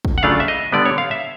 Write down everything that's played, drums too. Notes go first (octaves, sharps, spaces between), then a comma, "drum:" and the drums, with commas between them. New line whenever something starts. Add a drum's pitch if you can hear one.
drum: kick
F#5
C#3 F#3 A3 D4 F4 F5
E5
D#5
D3 G3 B3 D5
C#5
F5
E5